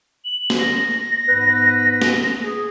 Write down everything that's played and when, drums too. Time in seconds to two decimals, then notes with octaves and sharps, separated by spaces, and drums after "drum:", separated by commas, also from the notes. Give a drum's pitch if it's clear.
0.25 F#7
0.50 drum: snare
0.59 A#6
1.28 G#2 B3 B4
2.02 drum: snare
2.43 G#4